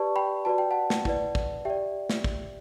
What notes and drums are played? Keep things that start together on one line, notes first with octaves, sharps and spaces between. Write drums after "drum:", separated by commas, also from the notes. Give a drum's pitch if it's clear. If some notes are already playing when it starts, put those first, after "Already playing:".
Already playing: G4 B4 D5 A5 C#6
G5 B5
F#4 B4 D5 A5
G5
F#5 A5
drum: snare
E4 B4 D5, drum: kick
drum: kick
G4 D5 E5 G5
drum: snare
drum: kick